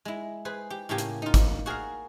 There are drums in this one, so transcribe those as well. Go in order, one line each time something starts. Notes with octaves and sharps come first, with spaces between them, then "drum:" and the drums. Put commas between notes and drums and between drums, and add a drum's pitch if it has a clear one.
G#3 E4
G#4 B4 C5
G4
A2 C#3 A#3 G4 G#5
drum: hi-hat
D#4 F4
drum: kick G#1, hi-hat
F#4 G#4 A#4 D5 F5